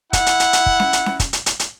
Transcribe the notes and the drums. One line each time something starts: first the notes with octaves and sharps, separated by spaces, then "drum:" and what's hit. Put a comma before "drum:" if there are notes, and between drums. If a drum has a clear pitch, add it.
E4 F#5, drum: kick, hi-hat
drum: hi-hat
drum: hi-hat
drum: hi-hat
drum: kick
drum: snare C#4
drum: hi-hat
drum: snare C#4
drum: kick, hi-hat
drum: hi-hat
drum: hi-hat
drum: hi-hat